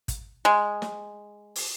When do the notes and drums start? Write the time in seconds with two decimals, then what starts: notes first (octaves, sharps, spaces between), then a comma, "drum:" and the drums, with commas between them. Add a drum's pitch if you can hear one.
0.08 drum: kick, hi-hat
0.45 G#3
0.82 drum: snare
1.56 drum: open hi-hat